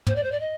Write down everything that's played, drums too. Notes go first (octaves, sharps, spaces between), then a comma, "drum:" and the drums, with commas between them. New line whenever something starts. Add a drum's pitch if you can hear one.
C5, drum: tom
D5
C5
D5
D#5